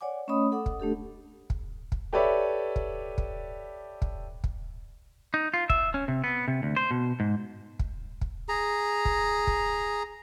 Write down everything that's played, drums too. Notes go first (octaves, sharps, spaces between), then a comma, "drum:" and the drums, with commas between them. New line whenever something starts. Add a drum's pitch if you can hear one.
C#5 D5 F#5 G#5 D6
A3 C#4 C#5 D#5 B5 D#6
A4 F#5 D6 D#6
drum: kick
A3 D4 G4 A4
drum: kick
drum: kick
G4 A4 B4 C#5 D5 E5
drum: kick
drum: kick
drum: kick
drum: kick
D#4
F4
E5, drum: kick
C#4
C3
B3
C3
D2
C5
B2
G#2
drum: kick
drum: kick
G#4 A#5
drum: kick
drum: kick